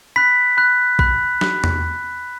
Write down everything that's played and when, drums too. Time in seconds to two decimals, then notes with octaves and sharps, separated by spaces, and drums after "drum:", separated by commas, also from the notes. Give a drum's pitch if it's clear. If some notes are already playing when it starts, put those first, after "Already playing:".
0.16 B5 F#6 B6
0.57 B5 F#6
0.99 B5 F#6, drum: kick
1.41 B5 F#6, drum: snare
1.64 drum: tom E2